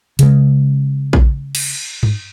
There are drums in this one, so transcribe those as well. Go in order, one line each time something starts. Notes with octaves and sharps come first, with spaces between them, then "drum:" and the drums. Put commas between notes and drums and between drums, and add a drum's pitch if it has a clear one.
C#3 G#3, drum: hi-hat
drum: kick
drum: cymbal
drum: tom G2